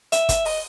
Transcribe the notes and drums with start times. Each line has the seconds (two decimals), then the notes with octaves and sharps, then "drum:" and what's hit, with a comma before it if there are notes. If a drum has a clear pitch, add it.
0.12 E5, drum: hi-hat
0.29 drum: kick, hi-hat
0.45 D#5, drum: open hi-hat